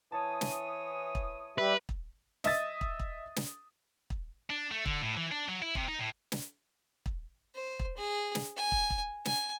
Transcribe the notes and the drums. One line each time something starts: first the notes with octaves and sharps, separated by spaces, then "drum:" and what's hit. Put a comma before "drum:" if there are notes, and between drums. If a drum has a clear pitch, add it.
E3 C#5 A5 D#6
drum: snare
drum: kick
G3 G4 B4 E5
drum: kick
D#5 E5 D#6 A6, drum: snare
drum: kick
drum: kick
drum: snare
drum: kick
D4
A3
D3, drum: kick
A2
E3
D4
F#3
E4
C3, drum: kick
D#4
A2
drum: snare
drum: kick
C5
drum: kick
G#4
drum: snare
G#5
drum: kick
drum: kick
G#5, drum: snare